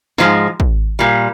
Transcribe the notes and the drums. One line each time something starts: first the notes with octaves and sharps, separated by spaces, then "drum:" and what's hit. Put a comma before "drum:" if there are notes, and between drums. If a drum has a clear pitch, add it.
G#2 F3 G#3, drum: snare
drum: kick
A#2 G3